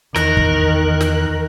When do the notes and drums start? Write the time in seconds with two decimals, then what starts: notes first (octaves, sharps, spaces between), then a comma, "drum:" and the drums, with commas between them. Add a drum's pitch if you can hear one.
0.16 E2 D#3 A#4 F#6, drum: snare
0.37 drum: kick
1.01 drum: snare